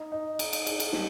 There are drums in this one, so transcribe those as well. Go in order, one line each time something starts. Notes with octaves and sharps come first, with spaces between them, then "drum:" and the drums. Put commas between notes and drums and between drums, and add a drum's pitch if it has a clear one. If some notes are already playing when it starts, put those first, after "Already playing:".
Already playing: D#4
D#4
D#4, drum: cymbal
drum: cymbal
G#4, drum: cymbal
drum: cymbal
G3, drum: snare